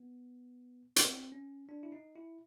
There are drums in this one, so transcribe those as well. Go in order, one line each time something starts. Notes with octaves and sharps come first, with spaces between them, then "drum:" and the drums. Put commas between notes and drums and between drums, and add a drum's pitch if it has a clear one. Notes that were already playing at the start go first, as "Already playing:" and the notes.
Already playing: B3
C4, drum: hi-hat
C#4
D4
E4
D#4
E4